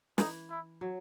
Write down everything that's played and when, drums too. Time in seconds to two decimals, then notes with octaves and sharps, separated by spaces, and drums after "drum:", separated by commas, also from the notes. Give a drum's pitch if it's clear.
0.18 E3 D#4, drum: snare
0.50 E4
0.81 F#3